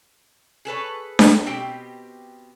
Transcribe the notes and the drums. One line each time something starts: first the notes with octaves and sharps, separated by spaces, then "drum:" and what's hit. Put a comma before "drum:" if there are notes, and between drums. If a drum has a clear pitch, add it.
G#4 A4 B4 C#5
drum: snare D4
B2 C4 G4 G5